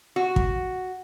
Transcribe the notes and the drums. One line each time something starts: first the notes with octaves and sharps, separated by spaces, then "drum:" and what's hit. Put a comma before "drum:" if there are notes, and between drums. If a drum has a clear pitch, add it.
F#4
drum: kick